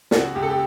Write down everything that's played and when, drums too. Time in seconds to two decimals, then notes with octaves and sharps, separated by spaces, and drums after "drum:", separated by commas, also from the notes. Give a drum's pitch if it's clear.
0.11 C#2 F#4, drum: snare
0.35 C#2 G4
0.43 A4
0.50 G4